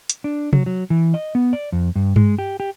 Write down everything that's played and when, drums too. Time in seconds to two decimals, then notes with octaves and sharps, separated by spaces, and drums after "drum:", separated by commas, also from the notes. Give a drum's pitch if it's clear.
0.09 drum: hi-hat
0.24 D4
0.53 F#3, drum: tom C3
0.66 F#3
0.90 E3
1.14 D#5
1.35 B3
1.53 D5
1.72 F2
1.96 G2
2.16 G#3, drum: tom G2
2.39 G4
2.60 G4